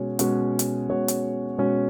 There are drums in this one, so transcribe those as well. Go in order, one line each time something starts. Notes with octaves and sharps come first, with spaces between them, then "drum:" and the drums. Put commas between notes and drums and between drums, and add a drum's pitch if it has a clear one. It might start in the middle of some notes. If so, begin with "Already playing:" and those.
Already playing: B2 G#3 C#4 F#4 C#5
B2 G#3 C#4 F#4 C#5, drum: hi-hat
drum: hi-hat
B2 G#3 C#4 F#4 C#5
drum: hi-hat
B2 G#3 C#4 F#4 C#5